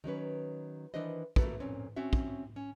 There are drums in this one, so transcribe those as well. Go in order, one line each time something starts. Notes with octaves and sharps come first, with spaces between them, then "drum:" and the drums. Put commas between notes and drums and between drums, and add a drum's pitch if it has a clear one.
D#3 F#3 C#4 B4
D#3 E3 D4 B4 C5 D#5
A3 A#3 F#4 A4 B4, drum: kick
F2 A#2 C4 C#4
C4 C#4 F#4 E5
drum: kick
C#4